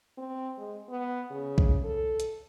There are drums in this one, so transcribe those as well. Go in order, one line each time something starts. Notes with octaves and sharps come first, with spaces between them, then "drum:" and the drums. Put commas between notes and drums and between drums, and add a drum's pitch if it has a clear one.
C4
G#3
B3
C#3
drum: kick A#1
A4
drum: hi-hat